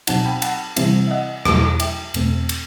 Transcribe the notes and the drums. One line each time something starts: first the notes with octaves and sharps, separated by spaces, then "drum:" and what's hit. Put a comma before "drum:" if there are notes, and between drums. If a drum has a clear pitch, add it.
B2 F#3 C4 D#4 F#5 A5, drum: cymbal
G5 B5
F#5 A5, drum: cymbal
C3 E3 G3 C4 E4, drum: cymbal
E5
D#5 F#5
E2 B2 F#3 A3 E4, drum: rim click
E5 G5, drum: cymbal
E2 B2 A3 C4, drum: cymbal
drum: cymbal